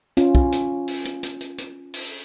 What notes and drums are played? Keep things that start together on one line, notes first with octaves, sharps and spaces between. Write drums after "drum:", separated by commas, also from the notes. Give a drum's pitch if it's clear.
C#4 F4, drum: hi-hat
drum: kick
drum: hi-hat
drum: open hi-hat
drum: hi-hat
drum: hi-hat
drum: hi-hat
drum: hi-hat
drum: open hi-hat